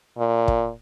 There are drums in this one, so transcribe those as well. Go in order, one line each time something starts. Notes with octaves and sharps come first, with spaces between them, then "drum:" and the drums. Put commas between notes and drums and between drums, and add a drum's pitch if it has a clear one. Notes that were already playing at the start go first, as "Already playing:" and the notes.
A#2
drum: kick